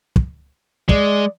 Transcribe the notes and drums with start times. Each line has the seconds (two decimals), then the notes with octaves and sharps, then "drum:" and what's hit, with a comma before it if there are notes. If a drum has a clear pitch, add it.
0.16 drum: kick
0.89 G#3 D5, drum: kick